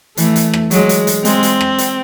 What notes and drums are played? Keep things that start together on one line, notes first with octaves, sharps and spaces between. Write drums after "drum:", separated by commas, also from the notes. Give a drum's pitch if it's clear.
E3 A3, drum: hi-hat
drum: hi-hat
drum: rim click
F#3 G#3, drum: hi-hat
drum: hi-hat
drum: hi-hat
G#3 C4, drum: hi-hat
drum: hi-hat
drum: rim click
drum: hi-hat